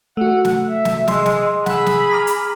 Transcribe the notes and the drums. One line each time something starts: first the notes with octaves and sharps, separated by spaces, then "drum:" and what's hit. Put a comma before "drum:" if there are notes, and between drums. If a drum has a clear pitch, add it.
A3 F#4 F#5
drum: snare
E5
drum: snare
G#3 C6 E6, drum: snare
drum: snare
G#4 F#5 B5 E6, drum: snare
drum: snare
A#5 D6 F6
drum: hi-hat